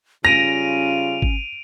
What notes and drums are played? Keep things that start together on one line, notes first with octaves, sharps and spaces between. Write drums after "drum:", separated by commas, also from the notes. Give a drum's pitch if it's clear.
C#3 G3 C#4 F4 A#6 D7 D#7 F7
drum: kick G#1